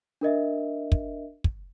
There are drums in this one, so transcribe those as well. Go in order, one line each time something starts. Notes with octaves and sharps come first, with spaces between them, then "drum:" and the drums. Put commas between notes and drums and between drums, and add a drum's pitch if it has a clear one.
D4 A#4 D#5 E5
drum: kick
drum: kick